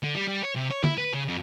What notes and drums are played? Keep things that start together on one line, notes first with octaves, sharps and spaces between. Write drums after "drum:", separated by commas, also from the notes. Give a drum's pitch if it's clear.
D3
G3
G3
C#5
C3
C#5
E4, drum: tom D3
B4
C#3
F2